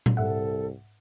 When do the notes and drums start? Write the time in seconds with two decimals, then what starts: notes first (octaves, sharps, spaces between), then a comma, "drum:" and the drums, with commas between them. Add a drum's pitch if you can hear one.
0.06 drum: tom A#2
0.17 C2 G#2 A4 E5 F#5